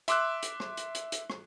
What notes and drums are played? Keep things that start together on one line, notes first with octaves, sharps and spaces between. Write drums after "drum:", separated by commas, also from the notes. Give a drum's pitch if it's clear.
E5 C6 D6 E6 F#6, drum: hi-hat
drum: hi-hat
drum: rim click
drum: hi-hat
drum: hi-hat
drum: hi-hat
drum: rim click